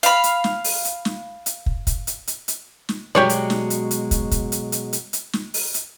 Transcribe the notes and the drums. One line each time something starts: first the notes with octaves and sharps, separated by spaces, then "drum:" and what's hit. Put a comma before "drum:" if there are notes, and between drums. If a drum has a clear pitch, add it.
F5 B5, drum: hi-hat
drum: hi-hat
drum: snare
drum: open hi-hat
drum: hi-hat
drum: snare
drum: hi-hat
drum: kick
drum: kick, hi-hat
drum: hi-hat
drum: hi-hat
drum: hi-hat
drum: snare
B2 F#3 G#3 G4 C#5 D5
drum: hi-hat
drum: snare
drum: hi-hat
drum: hi-hat
drum: kick, hi-hat
drum: kick, hi-hat
drum: hi-hat
drum: hi-hat
drum: hi-hat
drum: hi-hat
drum: snare
drum: open hi-hat
drum: hi-hat